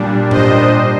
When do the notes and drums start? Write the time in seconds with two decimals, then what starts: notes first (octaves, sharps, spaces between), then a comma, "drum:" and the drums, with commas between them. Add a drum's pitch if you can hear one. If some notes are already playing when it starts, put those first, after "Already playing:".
Already playing: A#2 G3 D4
0.31 C5 D#5, drum: tom G#2